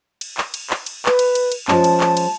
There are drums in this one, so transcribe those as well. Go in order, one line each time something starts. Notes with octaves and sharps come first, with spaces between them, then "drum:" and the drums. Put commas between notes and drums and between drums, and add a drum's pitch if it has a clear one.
drum: cymbal
drum: clap
drum: cymbal
drum: clap
drum: cymbal
B4, drum: clap
drum: cymbal
drum: cymbal
drum: cymbal
F3 G#3 C#4 A5, drum: clap
drum: cymbal
drum: clap
drum: cymbal